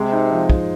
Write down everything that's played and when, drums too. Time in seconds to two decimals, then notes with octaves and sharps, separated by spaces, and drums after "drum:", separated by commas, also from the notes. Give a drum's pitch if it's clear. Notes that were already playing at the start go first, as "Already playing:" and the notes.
Already playing: C3 G#3
0.12 D#4
0.31 F3
0.50 F3, drum: kick